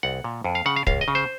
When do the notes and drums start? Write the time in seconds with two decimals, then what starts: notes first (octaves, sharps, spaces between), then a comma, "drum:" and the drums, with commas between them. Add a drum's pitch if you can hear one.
0.03 C2 F#5
0.24 A#2
0.44 F2
0.55 F5
0.66 C#3 F#5
0.76 F5
0.87 C#2 F5, drum: kick
1.01 D#5
1.08 C#3
1.15 C5